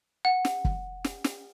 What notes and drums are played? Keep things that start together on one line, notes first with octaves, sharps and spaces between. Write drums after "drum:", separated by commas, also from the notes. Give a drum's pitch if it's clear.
F#5
drum: snare
drum: kick
drum: snare
drum: snare